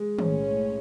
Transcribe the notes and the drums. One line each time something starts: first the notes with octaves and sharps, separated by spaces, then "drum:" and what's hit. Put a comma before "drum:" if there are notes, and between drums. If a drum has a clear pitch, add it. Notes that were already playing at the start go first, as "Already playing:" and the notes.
Already playing: G#3
B1 A2 C#4, drum: tom D#3